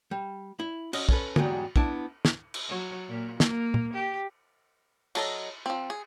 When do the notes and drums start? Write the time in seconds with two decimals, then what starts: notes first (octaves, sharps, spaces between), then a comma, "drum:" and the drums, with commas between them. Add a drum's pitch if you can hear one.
0.11 G3
0.59 E4
0.93 C#4 F#4 D#5, drum: cymbal
1.09 C#4 A4 B4, drum: kick
1.36 E2 G#2 F#3 G3, drum: tom
1.76 B3 D4 E4 A5, drum: kick
2.25 drum: snare
2.54 drum: cymbal
2.69 F#3
3.08 A#2
3.40 A#3, drum: snare
3.74 drum: tom A#2
3.94 G4
5.15 F#3 A4 D#5, drum: cymbal
5.66 F3 C4
5.90 G#4